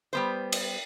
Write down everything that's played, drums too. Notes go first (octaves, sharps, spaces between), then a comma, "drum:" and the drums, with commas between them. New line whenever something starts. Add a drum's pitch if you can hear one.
G3 B3 C5
drum: cymbal